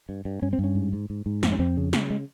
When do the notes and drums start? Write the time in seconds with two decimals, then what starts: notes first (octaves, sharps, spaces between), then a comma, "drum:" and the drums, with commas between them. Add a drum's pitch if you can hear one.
0.09 G2
0.25 G2
0.42 G2 C#4
0.53 C4
0.59 G2 C#4
0.75 G#2
0.93 G#2
1.10 G#2
1.26 G#2
1.43 F2 C4, drum: snare
1.52 C#4
1.59 F2 C4
1.77 C#3
1.93 C#3, drum: snare
2.10 G#3